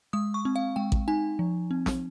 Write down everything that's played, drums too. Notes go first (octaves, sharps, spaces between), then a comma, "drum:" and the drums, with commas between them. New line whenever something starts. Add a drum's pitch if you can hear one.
G#3 D#6
C#6
C4
F5
G#3 G5
drum: kick A1
D#4 G#5
F3
C4
drum: snare